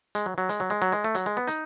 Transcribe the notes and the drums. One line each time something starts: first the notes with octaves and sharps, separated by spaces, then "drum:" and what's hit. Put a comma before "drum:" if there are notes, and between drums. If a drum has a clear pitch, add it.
G#3, drum: hi-hat
F#3
F#3
G#3, drum: hi-hat
F#3
G#3
F#3
G#3
A3
F#3, drum: hi-hat
G#3
B3
D#4, drum: hi-hat